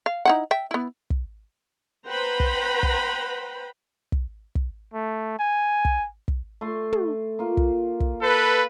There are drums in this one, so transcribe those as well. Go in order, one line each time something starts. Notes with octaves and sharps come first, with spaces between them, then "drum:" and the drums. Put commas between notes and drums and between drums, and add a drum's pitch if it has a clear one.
F5
D#4 E4 F#5
E5 G5
B3 E4
drum: kick
B4 C5 F#5 G5 A#5 B5
drum: kick
drum: kick
drum: kick
drum: kick
A3
G#5
drum: kick
drum: kick
A3 C6
drum: tom
A#3 F4
drum: kick
drum: kick
A4 B4